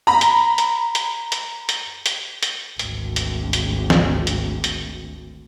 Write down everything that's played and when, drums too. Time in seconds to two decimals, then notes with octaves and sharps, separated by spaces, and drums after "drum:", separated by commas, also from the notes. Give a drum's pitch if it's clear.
0.07 A#5 B5
0.21 drum: hi-hat
0.58 drum: hi-hat
0.95 drum: hi-hat
1.32 drum: hi-hat
1.69 drum: hi-hat
2.06 drum: hi-hat
2.43 drum: hi-hat
2.79 G#1 D2, drum: hi-hat
3.16 drum: hi-hat
3.53 drum: hi-hat
3.90 drum: snare
4.27 drum: hi-hat
4.64 drum: hi-hat